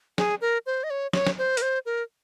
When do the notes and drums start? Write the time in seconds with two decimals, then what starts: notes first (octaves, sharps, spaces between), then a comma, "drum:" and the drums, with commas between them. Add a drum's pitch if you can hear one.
0.18 G#4, drum: snare
0.41 A#4
0.66 C5
0.84 D#5
0.90 C#5
1.13 C#5, drum: snare
1.27 drum: snare
1.38 C5
1.57 A#4, drum: hi-hat
1.62 C5
1.86 A#4